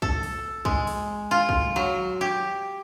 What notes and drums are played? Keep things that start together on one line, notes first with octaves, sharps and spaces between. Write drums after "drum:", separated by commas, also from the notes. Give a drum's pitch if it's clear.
A4, drum: kick
drum: open hi-hat
G#3, drum: kick
drum: open hi-hat
F4
drum: kick
F#3
G4